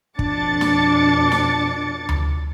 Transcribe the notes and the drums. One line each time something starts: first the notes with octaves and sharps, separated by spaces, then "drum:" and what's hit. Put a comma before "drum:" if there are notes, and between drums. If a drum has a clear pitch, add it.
F2 B2 D4 D6 A6 C#7, drum: kick
drum: snare
drum: snare
drum: tom D2